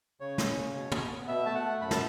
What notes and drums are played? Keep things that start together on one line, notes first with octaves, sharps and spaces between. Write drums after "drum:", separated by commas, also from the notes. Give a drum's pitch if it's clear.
C#3 C#5
C#4, drum: snare
C#3
B2
B2, drum: tom
B3
B2 E5
A3 A5
F#5
A3
F#2 B5
A5, drum: snare